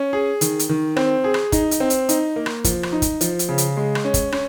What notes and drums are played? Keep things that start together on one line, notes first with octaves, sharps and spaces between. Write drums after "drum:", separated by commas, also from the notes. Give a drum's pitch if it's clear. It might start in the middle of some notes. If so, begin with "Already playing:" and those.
Already playing: C#4
G#4
D#3, drum: hi-hat
drum: hi-hat
D#3
C4, drum: rim click
G#4
drum: rim click
D#4, drum: kick, hi-hat
drum: hi-hat
C4
drum: hi-hat
D#4, drum: hi-hat
A#3
drum: rim click
F3, drum: kick, hi-hat
drum: rim click
D#4
drum: kick, hi-hat
F3, drum: hi-hat
drum: hi-hat
C#3
drum: hi-hat
G#3
drum: rim click
C#4
drum: kick, hi-hat
C#4, drum: rim click